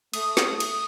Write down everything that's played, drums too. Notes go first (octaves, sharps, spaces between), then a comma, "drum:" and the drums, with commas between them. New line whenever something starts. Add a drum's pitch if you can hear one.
A3 D#6, drum: cymbal
drum: snare
drum: cymbal